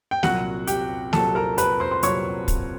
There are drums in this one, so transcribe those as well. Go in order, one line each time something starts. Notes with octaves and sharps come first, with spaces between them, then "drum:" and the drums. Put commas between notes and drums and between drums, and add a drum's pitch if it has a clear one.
G5
C2 A#2 F#3 F#4 F#5, drum: snare
G4 G5, drum: hi-hat
C2 A#2 F#3 A4 A5, drum: snare
A#4 A#5
B4 B5, drum: hi-hat
C5 C6
C6
C2 A#2 F#3 C#5 C#6, drum: hi-hat
drum: kick, hi-hat